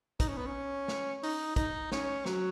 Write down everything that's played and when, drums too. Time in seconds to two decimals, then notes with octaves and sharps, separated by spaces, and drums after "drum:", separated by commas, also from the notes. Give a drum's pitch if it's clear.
0.20 D#4, drum: kick, hi-hat
0.28 C#4
0.37 B3
0.46 C#4
0.88 drum: snare
1.23 D#4, drum: open hi-hat
1.56 D#4, drum: kick, hi-hat
1.92 C#4, drum: snare
2.26 F#3, drum: snare